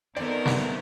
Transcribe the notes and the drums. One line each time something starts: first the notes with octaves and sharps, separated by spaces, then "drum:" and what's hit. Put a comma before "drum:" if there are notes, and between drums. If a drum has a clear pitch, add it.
D#3 A3 B3 C4 A#4 D5
drum: snare